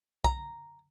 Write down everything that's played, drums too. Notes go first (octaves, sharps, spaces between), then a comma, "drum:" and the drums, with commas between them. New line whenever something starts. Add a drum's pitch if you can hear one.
A#5, drum: kick B1